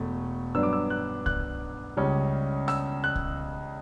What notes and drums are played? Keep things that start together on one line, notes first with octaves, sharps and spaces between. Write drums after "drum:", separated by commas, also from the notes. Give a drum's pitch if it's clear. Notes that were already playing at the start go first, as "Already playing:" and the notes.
Already playing: E1 A3
G2 F#3 B3 D4 E6
D6
E6
F#6
F#6, drum: kick C2
C#2 C#3 G3 C#4
E6, drum: rim click
F#6
drum: kick C2